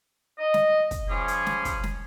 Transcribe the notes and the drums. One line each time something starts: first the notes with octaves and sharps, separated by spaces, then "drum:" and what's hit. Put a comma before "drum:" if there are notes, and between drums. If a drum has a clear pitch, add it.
D#5
drum: snare
drum: kick, hi-hat
F3 G3 C#4 G#4
drum: hi-hat
drum: snare
drum: kick, hi-hat
drum: snare